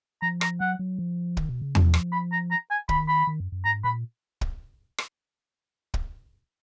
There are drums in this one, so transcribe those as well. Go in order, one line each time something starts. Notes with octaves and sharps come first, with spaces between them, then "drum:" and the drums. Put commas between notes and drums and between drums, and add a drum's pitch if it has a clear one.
F3 A#5
A#5, drum: rim click
F#3 F#5
F#3
F3
D#3, drum: kick
B2
C#3
F3, drum: tom E2
drum: rim click
B5
A#5
A#5
G#5
D#3 B5, drum: kick
B5
D#3
F#2
F#2
G#2 A#5
A#2 B5
drum: kick
drum: rim click
drum: kick